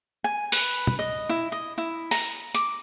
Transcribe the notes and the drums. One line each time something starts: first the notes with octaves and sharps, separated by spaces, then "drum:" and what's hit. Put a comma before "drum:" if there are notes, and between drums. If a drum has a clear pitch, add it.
G#5
B4, drum: open hi-hat
drum: tom
D#5
E4
D#5
E4
A#5, drum: open hi-hat
D6, drum: hi-hat